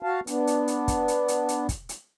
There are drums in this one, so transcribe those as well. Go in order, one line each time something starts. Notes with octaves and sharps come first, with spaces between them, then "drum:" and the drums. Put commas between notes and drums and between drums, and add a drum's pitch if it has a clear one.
F#4 F5 A5
B3 D4, drum: hi-hat
drum: hi-hat
drum: hi-hat
drum: kick, hi-hat
drum: hi-hat
drum: hi-hat
drum: hi-hat
drum: kick, hi-hat
drum: hi-hat